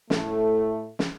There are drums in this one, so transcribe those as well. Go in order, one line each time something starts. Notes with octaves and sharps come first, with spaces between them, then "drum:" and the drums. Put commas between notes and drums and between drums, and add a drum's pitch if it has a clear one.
A2 A3, drum: snare
drum: snare